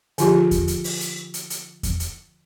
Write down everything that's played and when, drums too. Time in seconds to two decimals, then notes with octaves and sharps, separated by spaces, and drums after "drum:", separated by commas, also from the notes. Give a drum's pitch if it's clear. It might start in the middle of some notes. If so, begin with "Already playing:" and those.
0.18 D3 F3 F4 G4, drum: hi-hat
0.51 drum: kick E2, hi-hat
0.68 drum: hi-hat
0.84 drum: open hi-hat
1.01 drum: hi-hat
1.34 drum: hi-hat
1.50 drum: hi-hat
1.83 drum: kick E2, hi-hat
2.00 drum: hi-hat